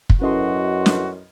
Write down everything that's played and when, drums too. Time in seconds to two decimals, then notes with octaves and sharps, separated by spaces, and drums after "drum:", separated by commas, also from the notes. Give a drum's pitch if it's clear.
0.10 drum: kick
0.21 F#2 C#4 E4 F#4 A4 B4 D#5 C6
0.86 drum: snare